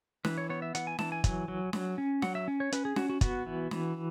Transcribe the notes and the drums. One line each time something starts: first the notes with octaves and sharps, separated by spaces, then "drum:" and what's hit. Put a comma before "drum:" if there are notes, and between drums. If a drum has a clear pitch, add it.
E3 B4, drum: snare
C#5
B3 C#5
E5
E3 F#5, drum: hi-hat
G#5
E3 A5, drum: snare
G#5
F#3, drum: kick, hi-hat
F#3
F#3, drum: snare
C#4
F#3 F#5, drum: snare
E5
C#4
C#5
C#4 B4, drum: hi-hat
G#4
C#4 F#4, drum: snare
F#4
B3 F#4, drum: kick, hi-hat
E3
E3, drum: snare